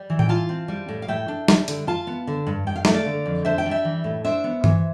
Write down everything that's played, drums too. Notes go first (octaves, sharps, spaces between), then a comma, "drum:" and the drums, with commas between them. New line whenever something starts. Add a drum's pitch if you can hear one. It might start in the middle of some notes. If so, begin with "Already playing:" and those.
Already playing: G3 D5
E3
G5, drum: tom A2
F4 F5 A5
C4
G3
A2
F5
A2 E5 G5
D4
G3, drum: snare
D3, drum: hi-hat
F4 F5 A5
B3
D3
G2
G2 G5
F5
A3 E5, drum: snare
D5 F5
D3
F2
D4 C5 E5
E5 G5
G3
E5 G5
E3
A2
D4 C5 E5
B3
E3, drum: tom G2